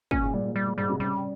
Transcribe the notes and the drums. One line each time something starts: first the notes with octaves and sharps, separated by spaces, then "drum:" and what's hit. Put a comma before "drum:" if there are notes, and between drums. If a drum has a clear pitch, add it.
A#2 C#4, drum: kick
G#2
A#2 G3
A#2
G3
A#2
G#2 G3
C3
C#3 G3